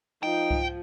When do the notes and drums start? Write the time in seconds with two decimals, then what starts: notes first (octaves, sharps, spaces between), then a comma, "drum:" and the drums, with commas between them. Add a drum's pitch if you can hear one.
0.23 F3 D#4 G5
0.51 drum: kick C2